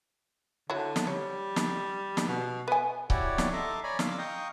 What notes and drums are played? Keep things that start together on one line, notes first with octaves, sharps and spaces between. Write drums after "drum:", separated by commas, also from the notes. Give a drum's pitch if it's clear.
D3 E4 F#4 C#5
drum: snare
G3 C#5
drum: snare
drum: snare
B2
B3 B4 G#5
E4 F#4 G4 C#5 D5 F#5, drum: kick C#1
drum: snare
A4 D#5 E5 A#5 C6 D6
C#5 D5 G#5 A#5 B5
F5 C6 D6 E6, drum: snare
D#5 F5 G5 A#5 C#6 D#6